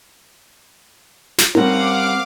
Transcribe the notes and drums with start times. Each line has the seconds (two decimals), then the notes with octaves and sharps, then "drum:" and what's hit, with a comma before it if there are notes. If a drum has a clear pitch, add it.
1.38 drum: snare
1.55 G3 C4 C#4 A#4 F5 F#5 D6, drum: tom D#4